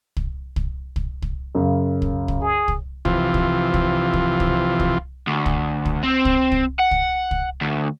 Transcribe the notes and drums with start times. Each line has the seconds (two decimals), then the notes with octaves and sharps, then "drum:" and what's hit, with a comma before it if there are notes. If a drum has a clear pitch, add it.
0.17 drum: kick
0.56 drum: kick
0.96 drum: kick
1.22 drum: kick
1.55 F#2 C#3 F5
2.02 drum: kick
2.28 drum: kick
2.41 G#4
2.68 drum: kick
3.05 C3 E3 F3 F4, drum: kick
3.34 drum: kick
3.74 drum: kick
4.13 drum: kick
4.40 drum: kick
4.80 drum: kick
5.27 D2
5.46 drum: kick
5.85 drum: kick
6.03 C4
6.25 drum: kick
6.52 drum: kick
6.79 F#5
6.91 drum: kick
7.31 drum: kick
7.61 D2